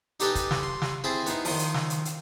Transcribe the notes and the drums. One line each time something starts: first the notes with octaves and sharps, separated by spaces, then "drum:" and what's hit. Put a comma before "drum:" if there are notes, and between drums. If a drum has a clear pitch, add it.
D#4 G4 A4 B4 D#5 G#5, drum: hi-hat
drum: kick, hi-hat
drum: snare
C6
drum: snare
C4 E4 G#4 E5 G#5 A5
B3 D#4 E4, drum: hi-hat
D#3 F3, drum: open hi-hat
drum: hi-hat
drum: snare
drum: hi-hat
drum: hi-hat